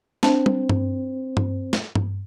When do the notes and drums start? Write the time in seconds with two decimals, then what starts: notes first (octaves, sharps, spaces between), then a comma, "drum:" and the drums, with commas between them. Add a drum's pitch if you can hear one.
0.23 C4 D4 C5 A5, drum: snare
0.46 drum: tom G3
0.69 drum: tom G2
1.37 drum: tom G2
1.73 drum: snare
1.95 drum: tom G2